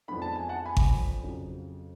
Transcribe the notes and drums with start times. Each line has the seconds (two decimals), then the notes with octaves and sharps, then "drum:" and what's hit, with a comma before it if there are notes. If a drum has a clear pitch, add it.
0.08 F2 F3 G#3 B3 D4 B5
0.22 A5
0.36 G#5
0.49 F#5 A5
0.65 G#5 B5
0.77 drum: kick G#1
1.23 F2 C#3 F#3